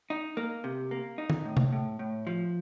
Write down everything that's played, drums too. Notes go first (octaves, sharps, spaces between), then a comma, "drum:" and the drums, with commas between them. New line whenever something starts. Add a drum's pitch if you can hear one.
D#4
A#3
C3
A#3
D#4
drum: tom D#3
A2
drum: tom C3
A2
A2
F3